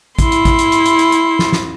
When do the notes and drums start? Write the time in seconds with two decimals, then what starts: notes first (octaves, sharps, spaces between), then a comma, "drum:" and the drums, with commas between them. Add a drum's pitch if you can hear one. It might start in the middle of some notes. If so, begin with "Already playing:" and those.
0.19 E4 C6, drum: kick A1, hi-hat
0.32 drum: hi-hat
0.45 drum: kick A1, hi-hat
0.59 drum: hi-hat
0.72 drum: hi-hat
0.86 drum: hi-hat
0.99 drum: hi-hat
1.12 drum: hi-hat
1.39 drum: snare
1.52 drum: snare